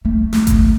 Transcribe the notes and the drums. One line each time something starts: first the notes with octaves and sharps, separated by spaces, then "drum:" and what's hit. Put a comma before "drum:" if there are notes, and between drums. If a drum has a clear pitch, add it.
A3
drum: snare
drum: kick G1, hi-hat